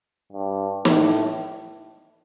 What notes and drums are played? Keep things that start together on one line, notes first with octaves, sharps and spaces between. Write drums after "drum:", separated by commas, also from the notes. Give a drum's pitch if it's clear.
G2
A2, drum: snare